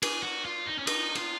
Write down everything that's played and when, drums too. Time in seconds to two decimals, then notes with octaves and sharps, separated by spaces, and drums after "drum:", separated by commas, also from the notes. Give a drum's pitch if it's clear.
0.03 G#4, drum: cymbal
0.23 F#4
0.45 F4
0.66 D#4
0.79 C#4
0.87 D#4, drum: cymbal
1.15 F4, drum: cymbal